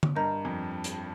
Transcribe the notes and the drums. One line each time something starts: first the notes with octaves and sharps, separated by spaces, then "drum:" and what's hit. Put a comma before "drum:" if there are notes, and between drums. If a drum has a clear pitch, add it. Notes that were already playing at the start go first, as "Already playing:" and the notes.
drum: tom D3
G2 A#4 D#5 A#5 G6
F2
drum: hi-hat